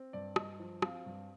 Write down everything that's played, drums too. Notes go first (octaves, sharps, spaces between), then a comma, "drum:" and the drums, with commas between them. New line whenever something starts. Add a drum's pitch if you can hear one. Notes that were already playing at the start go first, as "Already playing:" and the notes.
Already playing: C4
G2 D5
G2 D#5, drum: rim click
F3
C4 F5, drum: rim click
G2